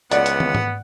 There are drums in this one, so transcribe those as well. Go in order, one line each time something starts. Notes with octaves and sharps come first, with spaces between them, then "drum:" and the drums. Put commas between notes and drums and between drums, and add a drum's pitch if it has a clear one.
C#2 B3 D5 F#5, drum: hi-hat
drum: hi-hat
drum: tom
drum: tom G#2